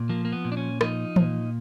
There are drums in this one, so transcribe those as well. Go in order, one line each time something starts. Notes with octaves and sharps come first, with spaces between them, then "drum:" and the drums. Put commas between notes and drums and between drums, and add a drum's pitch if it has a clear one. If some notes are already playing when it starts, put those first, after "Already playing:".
Already playing: A#2
F3 A#3
A#3
B3
A#2
D4
C#4
F3 D#4, drum: rim click
A#2, drum: tom E3